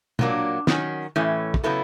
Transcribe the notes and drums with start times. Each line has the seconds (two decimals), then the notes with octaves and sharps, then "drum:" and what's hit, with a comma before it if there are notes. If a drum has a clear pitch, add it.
0.19 A#2 F#3 A#3 D4, drum: tom
0.67 D#3 F#3 A#3 C#4, drum: snare
1.16 A2 E3 A3 C#4
1.54 drum: kick
1.64 C#3 F#3 B3 E4 A4